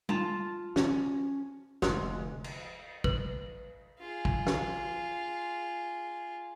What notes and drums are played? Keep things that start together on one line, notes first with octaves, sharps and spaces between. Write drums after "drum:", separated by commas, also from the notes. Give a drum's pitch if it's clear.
F4 A5, drum: tom G3
C#4, drum: snare
F1 D2 G#3, drum: snare
drum: cymbal
B4, drum: kick
F4 G#4
drum: kick
drum: snare